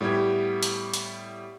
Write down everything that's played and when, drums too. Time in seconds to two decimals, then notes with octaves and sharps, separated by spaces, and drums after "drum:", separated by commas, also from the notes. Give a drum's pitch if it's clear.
0.01 A2 G3 B3 G4 G#6
0.63 drum: hi-hat
0.94 drum: hi-hat